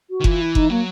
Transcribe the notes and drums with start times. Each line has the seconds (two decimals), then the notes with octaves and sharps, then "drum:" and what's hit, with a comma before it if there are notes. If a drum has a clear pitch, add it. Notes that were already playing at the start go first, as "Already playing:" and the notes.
0.09 F#4
0.20 D#3
0.24 E3 F4, drum: kick F#1
0.40 E4
0.55 D#4, drum: kick F#1
0.70 F#3 A#3